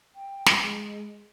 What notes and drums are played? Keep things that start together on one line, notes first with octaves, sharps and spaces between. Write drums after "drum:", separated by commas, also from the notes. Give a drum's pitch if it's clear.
G5
drum: snare
G#3